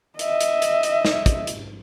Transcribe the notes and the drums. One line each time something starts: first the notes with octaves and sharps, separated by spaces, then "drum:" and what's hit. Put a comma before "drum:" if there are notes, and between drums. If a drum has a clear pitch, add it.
D#5 E5, drum: hi-hat
drum: hi-hat
drum: hi-hat
drum: hi-hat
drum: snare
drum: kick, hi-hat
drum: hi-hat